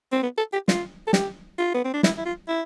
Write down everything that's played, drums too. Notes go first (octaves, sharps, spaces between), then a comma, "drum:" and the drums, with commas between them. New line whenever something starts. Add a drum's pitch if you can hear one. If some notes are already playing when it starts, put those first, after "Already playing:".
C4
B3
A4
G4
F4, drum: snare
A4
G4, drum: snare
F4
B3
C4
D4
E4, drum: snare
E4
F4
E4